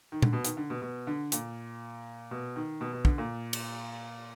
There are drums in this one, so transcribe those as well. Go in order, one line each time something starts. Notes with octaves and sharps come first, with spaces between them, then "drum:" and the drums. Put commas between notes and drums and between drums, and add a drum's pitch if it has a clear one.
D#3
D3, drum: tom A#2
B2
D#3, drum: hi-hat
D3
B2
B2
D3
A#2, drum: hi-hat
B2
D#3
B2
B2
D3, drum: kick
A#2
drum: cymbal